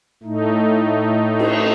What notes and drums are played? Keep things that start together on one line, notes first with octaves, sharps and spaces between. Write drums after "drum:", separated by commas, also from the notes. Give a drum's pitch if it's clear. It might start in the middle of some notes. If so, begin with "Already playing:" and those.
A2 A3 D#4
drum: cymbal